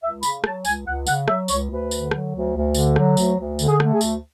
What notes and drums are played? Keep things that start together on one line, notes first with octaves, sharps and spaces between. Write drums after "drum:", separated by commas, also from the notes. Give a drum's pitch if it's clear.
C#2 E5
C#3 B5, drum: tambourine
F#3 A5, drum: rim click
C#2 G#5, drum: tambourine
C#2 F#5
C#3 F#5, drum: tambourine
F#3 E5, drum: rim click
C#2 C#5, drum: tambourine
D2 B4
D3, drum: tambourine
F#3, drum: rim click
D2
D2
D3, drum: tambourine
F#3, drum: rim click
D2, drum: tambourine
D2
D3, drum: tambourine
G#4
A3, drum: rim click
G#4
D2, drum: tambourine